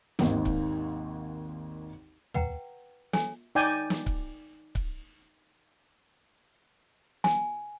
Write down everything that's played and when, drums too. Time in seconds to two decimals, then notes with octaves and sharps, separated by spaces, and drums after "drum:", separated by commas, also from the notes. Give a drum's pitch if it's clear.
0.19 G#1 D#2 D#3, drum: snare
0.45 drum: kick C#1
2.34 B4 F#5 G5 A#5, drum: tom
3.13 A4 C#5 G#5, drum: snare
3.55 D#4 D5 G5 G#5
3.90 drum: snare
4.06 drum: kick C#1
4.75 drum: kick C#1
7.24 G#5, drum: snare